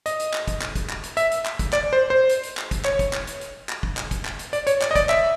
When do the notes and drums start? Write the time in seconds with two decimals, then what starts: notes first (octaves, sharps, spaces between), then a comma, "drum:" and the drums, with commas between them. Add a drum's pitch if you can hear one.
0.06 D#5, drum: hi-hat
0.20 drum: hi-hat
0.34 drum: clap
0.48 drum: kick, hi-hat
0.62 drum: clap
0.75 drum: kick, hi-hat
0.89 drum: clap
1.03 drum: hi-hat
1.17 E5, drum: hi-hat
1.31 drum: hi-hat
1.45 drum: clap
1.59 drum: kick, hi-hat
1.73 D5, drum: clap
1.93 C5
2.10 C5
2.29 drum: hi-hat
2.43 drum: hi-hat
2.57 drum: clap
2.71 drum: kick, hi-hat
2.85 C#5, drum: clap
2.99 drum: kick, hi-hat
3.13 drum: clap
3.27 drum: hi-hat
3.41 drum: hi-hat
3.69 drum: clap
3.83 drum: kick
3.97 drum: clap
4.11 drum: kick, hi-hat
4.25 drum: clap
4.39 drum: hi-hat
4.53 D5, drum: hi-hat
4.67 C#5, drum: hi-hat
4.82 D5, drum: clap
4.91 D#5
4.95 D5, drum: kick, hi-hat
5.09 E5, drum: clap